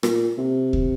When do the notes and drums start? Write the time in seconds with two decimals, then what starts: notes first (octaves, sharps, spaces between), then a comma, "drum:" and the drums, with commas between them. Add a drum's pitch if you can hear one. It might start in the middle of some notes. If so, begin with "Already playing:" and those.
0.03 A#2, drum: rim click
0.38 C3
0.73 drum: kick D2